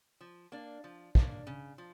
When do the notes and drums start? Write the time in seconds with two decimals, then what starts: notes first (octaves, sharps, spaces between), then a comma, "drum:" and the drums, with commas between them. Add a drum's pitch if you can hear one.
0.21 F3
0.52 A#3 D4
0.84 F3
1.15 A#3 D4, drum: kick
1.47 C#3
1.78 F3